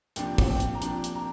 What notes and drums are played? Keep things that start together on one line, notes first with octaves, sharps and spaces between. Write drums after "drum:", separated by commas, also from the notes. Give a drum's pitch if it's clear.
C2 A#2 F3 D4 G5, drum: hi-hat
drum: kick, open hi-hat
G5
drum: hi-hat
A#5
C2 A#2 F3 D4 G5, drum: hi-hat
drum: hi-hat
A#5